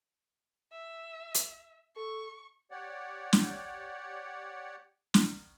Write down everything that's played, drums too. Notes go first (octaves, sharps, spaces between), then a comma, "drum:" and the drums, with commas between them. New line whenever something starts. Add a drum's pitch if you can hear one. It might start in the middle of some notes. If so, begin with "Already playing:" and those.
E5
drum: hi-hat
A4 C#6
G4 C#5 D5 F#5
drum: snare
drum: snare